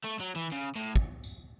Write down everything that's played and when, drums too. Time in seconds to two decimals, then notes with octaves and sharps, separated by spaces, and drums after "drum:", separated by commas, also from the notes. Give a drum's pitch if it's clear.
0.04 A3
0.20 F#3
0.36 E3
0.52 C#3
0.75 A2
0.96 drum: kick
1.24 drum: tambourine